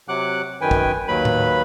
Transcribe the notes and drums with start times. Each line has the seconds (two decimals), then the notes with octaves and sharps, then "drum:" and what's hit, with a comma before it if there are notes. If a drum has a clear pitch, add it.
0.08 C3 F#3 F#5 D6 F#6
0.61 F#2 D#3 B4 G5 G#5
0.71 drum: kick
1.08 D#2 F#3 B4 B5
1.25 drum: tom A2